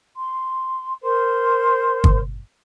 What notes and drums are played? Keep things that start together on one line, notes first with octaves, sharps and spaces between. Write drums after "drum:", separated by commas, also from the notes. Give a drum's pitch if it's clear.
C6
A#4 C5 C6
drum: kick